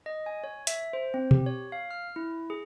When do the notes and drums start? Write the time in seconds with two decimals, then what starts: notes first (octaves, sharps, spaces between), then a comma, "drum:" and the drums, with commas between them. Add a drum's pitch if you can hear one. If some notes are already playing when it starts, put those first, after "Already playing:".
0.06 D#5
0.26 G#5
0.44 C#5
0.67 E5, drum: hi-hat
0.93 C5
1.14 C4
1.31 G4, drum: tom B2
1.46 C#5
1.72 F5
1.91 F6
2.16 E4
2.50 G#4